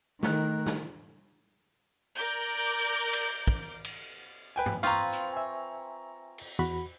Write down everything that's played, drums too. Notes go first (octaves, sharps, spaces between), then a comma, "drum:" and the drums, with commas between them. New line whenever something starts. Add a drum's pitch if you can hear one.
D#3 A3 A#4 F#6, drum: snare
drum: snare
A#4 D5 D6 G6
drum: cymbal
drum: kick
drum: cymbal
B4 G5 G#5
drum: tom G2
C4 F4 B4 F5 A#5 C6 C#6, drum: tambourine
drum: hi-hat
E5 G#5
drum: cymbal
E2 F#4 B5